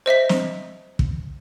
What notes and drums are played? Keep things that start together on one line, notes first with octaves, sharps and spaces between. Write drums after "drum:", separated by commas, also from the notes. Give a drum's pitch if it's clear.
C5 D#5 E5 B6
drum: snare
drum: kick